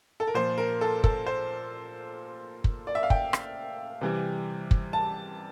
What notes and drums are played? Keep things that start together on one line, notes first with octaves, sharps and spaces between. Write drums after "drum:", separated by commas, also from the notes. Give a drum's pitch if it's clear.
A4
A#4
A#2 F3 C5
A#4
A4
A4, drum: kick
C5
drum: kick
D5
E5
F5
G5, drum: kick
drum: rim click
C3 E3 G3
drum: kick
A5